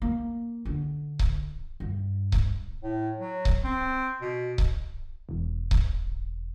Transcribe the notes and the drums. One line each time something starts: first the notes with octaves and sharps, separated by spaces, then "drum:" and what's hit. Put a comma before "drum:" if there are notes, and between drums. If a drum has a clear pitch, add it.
A#3
D3
drum: kick C#1
G2
drum: kick C#1
A2
F#3
drum: kick C#1
C4
B2
drum: kick C#1
E1
drum: kick C#1